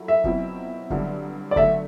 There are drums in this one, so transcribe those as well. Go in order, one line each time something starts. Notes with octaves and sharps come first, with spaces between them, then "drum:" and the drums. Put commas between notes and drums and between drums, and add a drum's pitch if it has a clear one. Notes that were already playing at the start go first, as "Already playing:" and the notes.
Already playing: F#2 F#3 A3 E4
E5
B2 F#3 C4 E4, drum: kick
G2 D3 F#3, drum: kick
D5
D3 F#3 A3 E5, drum: kick